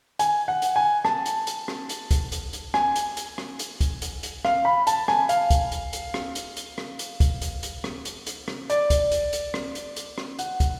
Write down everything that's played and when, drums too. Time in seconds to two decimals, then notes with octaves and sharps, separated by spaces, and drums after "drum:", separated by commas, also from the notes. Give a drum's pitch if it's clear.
0.19 G#5, drum: hi-hat
0.48 F#5
0.62 drum: hi-hat
0.76 G#5
1.05 A5, drum: rim click
1.26 drum: hi-hat
1.47 drum: hi-hat
1.68 drum: rim click
1.89 drum: hi-hat
2.11 drum: kick, hi-hat
2.32 drum: hi-hat
2.53 drum: hi-hat
2.74 G#5, drum: rim click
2.96 drum: hi-hat
3.17 drum: hi-hat
3.38 drum: rim click
3.59 drum: hi-hat
3.81 drum: kick, hi-hat
4.02 drum: hi-hat
4.23 drum: hi-hat
4.45 F5, drum: rim click
4.65 B5
4.87 A5, drum: hi-hat
5.08 G#5, drum: rim click
5.29 F5, drum: hi-hat
5.50 drum: kick, hi-hat
5.72 drum: hi-hat
5.93 drum: hi-hat
6.14 drum: rim click
6.35 drum: hi-hat
6.57 drum: hi-hat
6.78 drum: rim click
6.99 drum: hi-hat
7.20 drum: kick, hi-hat
7.42 drum: hi-hat
7.63 drum: hi-hat
7.84 drum: rim click
8.05 drum: hi-hat
8.27 drum: hi-hat
8.48 drum: rim click
8.70 D5, drum: hi-hat
8.90 drum: kick, hi-hat
9.11 drum: hi-hat
9.33 drum: hi-hat
9.54 drum: rim click
9.75 drum: hi-hat
9.96 drum: hi-hat
10.18 drum: rim click
10.39 F#5, drum: hi-hat
10.60 drum: kick, hi-hat